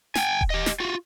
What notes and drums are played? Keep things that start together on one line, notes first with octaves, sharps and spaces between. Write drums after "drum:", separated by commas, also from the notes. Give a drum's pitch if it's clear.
G5 G#5, drum: snare
drum: kick D#1
G4 D#5
drum: snare
F4 F#4